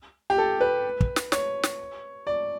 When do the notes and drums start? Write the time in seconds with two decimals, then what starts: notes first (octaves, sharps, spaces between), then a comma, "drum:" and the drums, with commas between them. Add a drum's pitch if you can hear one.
0.30 G4
0.38 A4
0.61 B4
1.01 drum: kick
1.16 drum: snare
1.32 C#5, drum: snare
1.63 drum: snare
2.27 D5